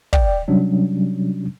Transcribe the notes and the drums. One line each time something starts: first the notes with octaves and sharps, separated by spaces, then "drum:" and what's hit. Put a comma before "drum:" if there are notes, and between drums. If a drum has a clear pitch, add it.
D5 G5, drum: kick
C3 F#3 G3 C#4 D4